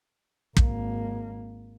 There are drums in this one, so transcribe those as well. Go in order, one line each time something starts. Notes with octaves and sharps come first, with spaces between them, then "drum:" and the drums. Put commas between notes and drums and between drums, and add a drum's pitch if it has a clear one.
G#1 A#3, drum: kick